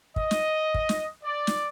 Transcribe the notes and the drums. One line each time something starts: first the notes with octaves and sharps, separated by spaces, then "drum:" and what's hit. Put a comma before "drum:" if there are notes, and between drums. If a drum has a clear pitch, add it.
D#5, drum: kick
drum: snare
drum: kick
drum: snare
D5
drum: snare